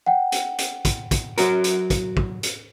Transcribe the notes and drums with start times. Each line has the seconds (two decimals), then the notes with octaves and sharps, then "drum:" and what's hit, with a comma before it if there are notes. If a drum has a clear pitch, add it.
0.06 F#5 G5
0.32 drum: hi-hat
0.58 drum: hi-hat
0.85 drum: kick, hi-hat
1.11 drum: kick, hi-hat
1.38 F#3 F#4 A#4, drum: hi-hat
1.64 drum: hi-hat
1.90 drum: kick, hi-hat
2.17 drum: kick
2.43 drum: hi-hat